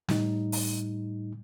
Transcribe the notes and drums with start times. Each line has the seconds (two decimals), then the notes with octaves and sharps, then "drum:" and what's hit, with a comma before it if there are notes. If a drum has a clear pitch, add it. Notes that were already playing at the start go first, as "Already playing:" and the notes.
0.09 A2 G3 D#4, drum: snare
0.52 drum: open hi-hat